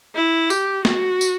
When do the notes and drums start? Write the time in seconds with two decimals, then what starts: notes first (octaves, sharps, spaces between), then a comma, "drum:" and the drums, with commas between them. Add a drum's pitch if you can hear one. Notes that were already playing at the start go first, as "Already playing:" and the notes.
0.15 E4
0.50 G4, drum: tambourine
0.85 F#4, drum: snare
1.21 drum: tambourine